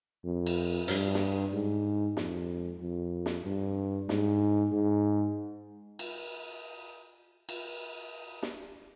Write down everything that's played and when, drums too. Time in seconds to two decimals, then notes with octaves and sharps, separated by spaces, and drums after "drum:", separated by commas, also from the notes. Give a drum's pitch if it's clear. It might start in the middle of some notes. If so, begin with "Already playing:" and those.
0.25 F2
0.46 drum: cymbal
0.88 G2, drum: hi-hat
1.15 drum: snare
1.52 G#2
2.17 F2, drum: snare
2.81 F2
3.26 drum: snare
3.44 G2
4.09 G#2, drum: snare
4.72 G#2
5.99 drum: cymbal
7.49 drum: cymbal
8.43 drum: snare